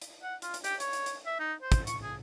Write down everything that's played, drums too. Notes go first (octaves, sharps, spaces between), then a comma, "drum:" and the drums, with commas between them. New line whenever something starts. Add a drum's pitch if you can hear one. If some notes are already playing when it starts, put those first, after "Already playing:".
drum: hi-hat
F#5
F4, drum: hi-hat
drum: hi-hat
G4, drum: hi-hat
C#5, drum: hi-hat
drum: hi-hat
drum: hi-hat
E5
D#4
C5
drum: kick, hi-hat
C#6, drum: hi-hat
G#4